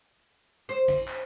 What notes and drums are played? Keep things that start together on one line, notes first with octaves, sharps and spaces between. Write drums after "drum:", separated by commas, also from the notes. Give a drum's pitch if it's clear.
C5
drum: kick, cymbal
drum: clap